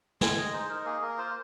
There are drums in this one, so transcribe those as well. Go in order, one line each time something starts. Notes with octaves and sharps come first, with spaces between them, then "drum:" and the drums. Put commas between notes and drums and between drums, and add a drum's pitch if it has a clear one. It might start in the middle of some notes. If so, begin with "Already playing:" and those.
G#3 G#5, drum: snare
G#3 D#5
D#4 C5
D#4 A#4
A#3 G#4
A#3 A#4
F4 C5